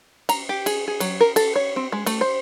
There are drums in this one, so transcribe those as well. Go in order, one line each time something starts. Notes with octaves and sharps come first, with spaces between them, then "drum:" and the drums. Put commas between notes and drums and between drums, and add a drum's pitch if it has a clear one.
A#5, drum: cymbal
G4
G#4, drum: cymbal
G#4
F#3, drum: cymbal
A#4
A4, drum: cymbal
C#5
C4
G#3
A3, drum: cymbal
C5